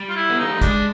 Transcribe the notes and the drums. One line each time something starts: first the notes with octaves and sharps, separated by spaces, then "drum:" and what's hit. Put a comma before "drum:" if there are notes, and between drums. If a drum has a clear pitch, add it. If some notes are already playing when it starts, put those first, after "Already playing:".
Already playing: G3
F4
E4
B3
A#3 D#4
A3
G#3 D4, drum: kick, hi-hat